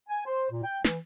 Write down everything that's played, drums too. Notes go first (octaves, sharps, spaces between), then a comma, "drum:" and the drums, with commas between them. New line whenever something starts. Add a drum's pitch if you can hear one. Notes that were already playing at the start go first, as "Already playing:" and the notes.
G#5
C5
A#2
G5
E3, drum: snare